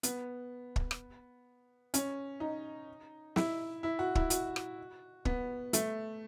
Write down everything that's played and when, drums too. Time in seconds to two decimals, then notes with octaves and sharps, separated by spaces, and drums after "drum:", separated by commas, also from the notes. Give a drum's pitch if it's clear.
0.03 B3, drum: hi-hat
0.76 drum: kick
0.91 drum: rim click
1.94 C#4, drum: hi-hat
2.40 D#4
3.36 E4, drum: snare
3.83 E4
3.99 F#4
4.15 E4, drum: kick
4.30 F#4, drum: hi-hat
4.56 drum: rim click
5.25 B3, drum: kick
5.73 A3, drum: hi-hat